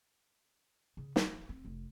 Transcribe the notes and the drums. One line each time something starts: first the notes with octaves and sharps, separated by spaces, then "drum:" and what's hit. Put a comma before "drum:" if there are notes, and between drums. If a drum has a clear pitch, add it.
C#3
F3, drum: snare
C4
F1